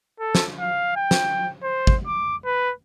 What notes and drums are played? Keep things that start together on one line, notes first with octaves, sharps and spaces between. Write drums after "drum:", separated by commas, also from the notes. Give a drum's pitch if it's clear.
A4
drum: snare
F5
G5
drum: snare
C5
drum: kick
D6
B4